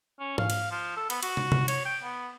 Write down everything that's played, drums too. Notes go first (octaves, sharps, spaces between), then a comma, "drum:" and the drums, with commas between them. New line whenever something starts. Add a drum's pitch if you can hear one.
C#4
F5, drum: tom G#2
drum: cymbal
F3
A4
B3, drum: cymbal
F#4, drum: cymbal
drum: tom
drum: tom C3
C#5, drum: cymbal
G5
B3